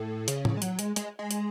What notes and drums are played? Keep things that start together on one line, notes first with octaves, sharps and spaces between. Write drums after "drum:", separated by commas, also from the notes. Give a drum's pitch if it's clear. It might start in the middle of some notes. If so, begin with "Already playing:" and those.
Already playing: A2
C#3, drum: hi-hat
drum: tom A2
G#3
F#3, drum: hi-hat
G#3, drum: hi-hat
G#3, drum: hi-hat
G#3
drum: hi-hat